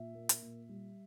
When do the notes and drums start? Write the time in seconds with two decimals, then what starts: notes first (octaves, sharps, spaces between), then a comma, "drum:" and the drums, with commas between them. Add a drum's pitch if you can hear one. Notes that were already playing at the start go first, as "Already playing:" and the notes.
Already playing: A#2 E5
0.15 A#3
0.29 drum: hi-hat
0.42 A#2
0.69 G3